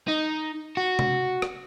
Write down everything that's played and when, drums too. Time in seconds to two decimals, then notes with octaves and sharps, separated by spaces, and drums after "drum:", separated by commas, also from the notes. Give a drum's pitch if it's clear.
0.08 D#4
0.77 F#4
0.99 drum: tom C3
1.42 drum: rim click